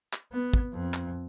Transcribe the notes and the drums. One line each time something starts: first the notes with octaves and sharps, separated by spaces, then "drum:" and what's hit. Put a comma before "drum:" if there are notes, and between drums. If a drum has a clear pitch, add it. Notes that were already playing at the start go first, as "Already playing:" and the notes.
drum: clap
B3
drum: kick
F2
drum: clap